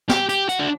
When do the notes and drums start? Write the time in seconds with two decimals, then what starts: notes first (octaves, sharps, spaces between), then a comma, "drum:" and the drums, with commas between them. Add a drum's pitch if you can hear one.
0.09 G4, drum: snare
0.29 G4, drum: hi-hat
0.49 F#4, drum: hi-hat
0.59 D4